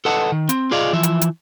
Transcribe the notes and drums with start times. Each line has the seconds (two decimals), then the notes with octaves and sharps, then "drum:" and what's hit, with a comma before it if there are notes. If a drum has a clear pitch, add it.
0.05 A4 B4 D#5 F#5 A5
0.32 D#3
0.49 C4, drum: hi-hat
0.71 F4 G#4 D5 D#5 F5
0.93 E3 F3 E5
1.03 drum: hi-hat
1.21 drum: hi-hat